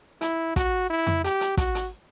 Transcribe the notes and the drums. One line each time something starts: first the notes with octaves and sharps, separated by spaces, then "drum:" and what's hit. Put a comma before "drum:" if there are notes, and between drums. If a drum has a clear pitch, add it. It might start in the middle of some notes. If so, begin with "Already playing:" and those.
E4, drum: hi-hat
F#4, drum: kick, hi-hat
E4
drum: tom F2
G4, drum: hi-hat
drum: hi-hat
F#4, drum: kick, hi-hat
drum: hi-hat